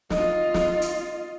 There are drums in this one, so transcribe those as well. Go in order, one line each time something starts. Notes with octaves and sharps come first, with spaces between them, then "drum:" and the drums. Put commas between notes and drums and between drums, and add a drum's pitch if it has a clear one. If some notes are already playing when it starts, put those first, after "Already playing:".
F4 D#5, drum: snare
drum: snare
drum: hi-hat